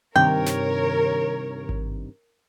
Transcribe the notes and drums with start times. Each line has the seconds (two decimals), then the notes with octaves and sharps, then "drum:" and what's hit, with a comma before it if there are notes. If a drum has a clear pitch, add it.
0.16 G2 C3 D#3 A#4 C#5 G5
0.46 drum: snare
1.69 drum: kick G#1